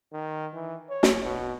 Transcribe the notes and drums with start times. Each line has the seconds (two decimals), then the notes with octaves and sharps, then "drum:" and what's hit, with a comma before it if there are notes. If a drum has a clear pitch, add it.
0.13 D#3
0.54 E3
0.90 C#5
1.03 drum: snare
1.24 B2